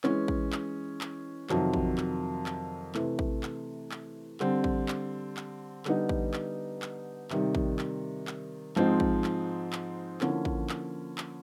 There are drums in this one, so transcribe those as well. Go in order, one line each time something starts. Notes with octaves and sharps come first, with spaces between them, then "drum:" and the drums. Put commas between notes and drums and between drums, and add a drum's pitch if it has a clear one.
E3 G#3 C#4, drum: clap
drum: kick A1
drum: clap
drum: clap
F2 C3 D#3 F#3, drum: clap
drum: kick A1
drum: clap
drum: clap
C3 E3 A3, drum: clap
drum: kick A1
drum: clap
drum: clap
D3 G3 C4, drum: clap
drum: kick A1
drum: clap
drum: clap
D3 G3 B3 D#4, drum: clap
drum: kick A1
drum: clap
drum: clap
C3 D#3 G3, drum: clap
drum: kick A1
drum: clap
drum: clap
G#2 F3 G#3 C4 D#4, drum: clap
drum: kick A1
drum: clap
drum: clap
D3 F3 A#3 C#4 E4, drum: clap
drum: kick A1
drum: clap
drum: clap